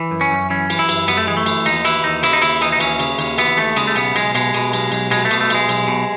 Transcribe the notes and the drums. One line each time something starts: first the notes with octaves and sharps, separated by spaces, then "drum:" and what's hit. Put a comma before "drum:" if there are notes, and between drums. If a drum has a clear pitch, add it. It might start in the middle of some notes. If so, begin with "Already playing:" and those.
Already playing: E3
F#2
C#4
F#2
E3 C#4
E3, drum: cymbal
E4
F#2, drum: cymbal
F#2 B3, drum: cymbal
A3
E3 G#3
A3
E3, drum: cymbal
D#2 D#4, drum: cymbal
E3 E4, drum: cymbal
D#2 D#4
C#3 E4, drum: cymbal
D#4
D#2 E4, drum: cymbal
E3 D#4, drum: cymbal
D#4
D#2 C#4, drum: cymbal
C#3, drum: cymbal
D#2, drum: cymbal
E3 B3, drum: cymbal
D#2 A3
C#3 G#3, drum: cymbal
A3
B1 B3, drum: cymbal
B1 G#3, drum: cymbal
B2 G#3, drum: cymbal
B2, drum: cymbal
B1, drum: cymbal
B1, drum: cymbal
B2 G#3, drum: cymbal
A3
B2, drum: cymbal
A3
B1 G#3, drum: cymbal
B1, drum: cymbal
B2